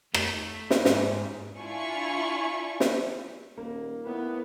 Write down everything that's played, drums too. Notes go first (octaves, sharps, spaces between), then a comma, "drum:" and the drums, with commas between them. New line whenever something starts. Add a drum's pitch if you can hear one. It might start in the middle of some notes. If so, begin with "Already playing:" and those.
A3, drum: rim click
drum: snare
G#2, drum: snare
D4 E4 F4 G#5 C#6
drum: snare
D#1 A#3
A2 B3